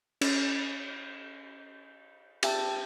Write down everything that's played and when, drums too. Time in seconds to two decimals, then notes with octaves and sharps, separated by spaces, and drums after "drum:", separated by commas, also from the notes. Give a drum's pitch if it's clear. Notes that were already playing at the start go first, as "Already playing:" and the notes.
0.21 C#4, drum: cymbal
2.43 G4 E5 G5 A5, drum: cymbal